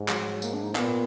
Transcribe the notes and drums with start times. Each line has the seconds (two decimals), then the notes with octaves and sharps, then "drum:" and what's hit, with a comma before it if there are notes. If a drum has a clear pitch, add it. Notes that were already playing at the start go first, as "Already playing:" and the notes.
Already playing: G#2
0.08 F#3, drum: clap
0.20 F#3
0.31 F#3
0.42 A#3, drum: tambourine
0.53 D4
0.64 D#4
0.76 A#2 B3, drum: clap